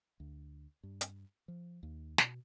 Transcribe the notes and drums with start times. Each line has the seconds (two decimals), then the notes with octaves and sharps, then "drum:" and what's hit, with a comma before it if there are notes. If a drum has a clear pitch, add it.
0.20 D2
0.83 G2
1.01 drum: hi-hat
1.48 F3
1.83 D#2
2.18 B2, drum: snare